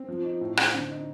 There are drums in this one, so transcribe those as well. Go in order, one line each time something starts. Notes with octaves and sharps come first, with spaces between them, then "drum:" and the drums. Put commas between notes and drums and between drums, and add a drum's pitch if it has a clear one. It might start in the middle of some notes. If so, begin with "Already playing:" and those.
Already playing: C4
F3
D#4
A2
C4, drum: rim click
D3
D#4